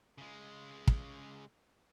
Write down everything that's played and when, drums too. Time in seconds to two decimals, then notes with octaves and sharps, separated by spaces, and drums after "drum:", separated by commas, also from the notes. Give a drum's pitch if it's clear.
0.18 C#3 G#3
0.87 drum: kick